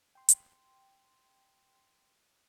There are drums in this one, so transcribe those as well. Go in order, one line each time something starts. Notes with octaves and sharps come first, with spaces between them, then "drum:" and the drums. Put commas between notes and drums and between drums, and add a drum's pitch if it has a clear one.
G5 C6
drum: hi-hat